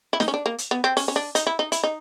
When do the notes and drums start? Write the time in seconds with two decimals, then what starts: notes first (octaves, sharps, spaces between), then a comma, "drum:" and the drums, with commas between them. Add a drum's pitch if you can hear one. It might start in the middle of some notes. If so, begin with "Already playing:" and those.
0.13 E4
0.20 D#4, drum: snare
0.28 C#4
0.34 D4
0.46 A#3
0.58 drum: hi-hat
0.71 B3
0.84 C4
0.97 C#4, drum: open hi-hat
1.08 C#4
1.16 D4
1.35 D#4, drum: hi-hat
1.47 E4
1.59 D#4
1.72 E4, drum: hi-hat
1.84 D#4